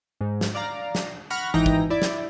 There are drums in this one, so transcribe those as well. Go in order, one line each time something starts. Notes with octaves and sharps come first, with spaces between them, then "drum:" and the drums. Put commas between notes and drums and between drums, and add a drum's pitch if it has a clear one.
G#2
drum: snare
D5 F5 A#5
drum: snare
F#5 B5 C#6 F6 F#6 A#6
G#1 E3 D#4 G5 A#5 A#6
drum: kick
E4 D5
drum: snare